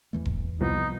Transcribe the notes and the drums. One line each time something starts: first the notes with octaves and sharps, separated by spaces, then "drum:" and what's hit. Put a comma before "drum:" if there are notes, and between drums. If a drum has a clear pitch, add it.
E2 E3 A3
drum: kick E1
C2 F3 B3 D#4